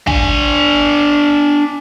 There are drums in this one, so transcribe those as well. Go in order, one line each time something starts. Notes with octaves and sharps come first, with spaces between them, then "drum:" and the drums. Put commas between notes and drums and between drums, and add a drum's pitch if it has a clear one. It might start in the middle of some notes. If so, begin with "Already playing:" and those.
D4 G#5, drum: kick